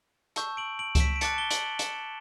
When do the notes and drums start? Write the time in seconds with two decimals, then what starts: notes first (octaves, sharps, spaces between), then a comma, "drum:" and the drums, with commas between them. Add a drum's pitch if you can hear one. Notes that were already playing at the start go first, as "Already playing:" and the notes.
0.36 A5 C#6 E6 G6, drum: hi-hat
0.57 D7 F#7
0.79 D7 F#7
0.95 E7, drum: kick C#2, hi-hat
1.00 B6 D7
1.16 D7
1.21 A5 D6 F#6 A6 C#7, drum: hi-hat
1.38 G7
1.51 D7 F#7, drum: hi-hat
1.79 C#7 E7, drum: hi-hat